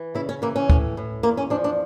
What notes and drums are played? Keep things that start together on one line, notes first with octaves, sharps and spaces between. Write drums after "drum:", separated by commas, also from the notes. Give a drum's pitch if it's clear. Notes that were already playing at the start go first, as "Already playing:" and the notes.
Already playing: E3
C#3 E4
C#4
E3 A#3
C#4
A2, drum: kick
A2
E2 A#3
C#4
F3 D4
D4